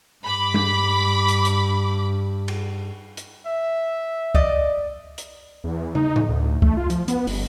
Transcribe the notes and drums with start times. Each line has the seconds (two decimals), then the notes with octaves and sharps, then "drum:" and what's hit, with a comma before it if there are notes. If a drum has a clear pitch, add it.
0.25 G2 B5 D6
0.54 drum: tom G3
1.28 drum: hi-hat
1.45 drum: hi-hat
2.48 drum: cymbal
3.17 drum: hi-hat
3.46 E5
4.35 D5 D#5, drum: kick C2
5.18 drum: hi-hat
5.64 E2
5.95 D#4, drum: tom
6.16 drum: tom A2
6.29 D2
6.62 A3, drum: kick C2
6.77 F4
6.90 F3, drum: hi-hat
7.08 B3, drum: hi-hat
7.27 G1, drum: open hi-hat